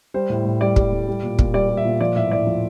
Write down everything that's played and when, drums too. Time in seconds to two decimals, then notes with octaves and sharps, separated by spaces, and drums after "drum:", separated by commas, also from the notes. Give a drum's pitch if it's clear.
0.14 G3 C5
0.30 A2
0.45 A2
0.61 G3 D5
0.76 G3, drum: kick
0.92 A2
1.08 G3
1.23 A#2
1.39 A#2, drum: kick
1.54 G3 D5
1.70 G3
1.77 E5
1.85 A#2
2.01 F3 D5
2.16 A2 E5
2.31 A2 D5
2.47 F3